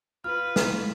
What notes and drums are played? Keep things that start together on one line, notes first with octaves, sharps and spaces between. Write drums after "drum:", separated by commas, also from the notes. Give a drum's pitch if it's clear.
F4 B4 F6
drum: snare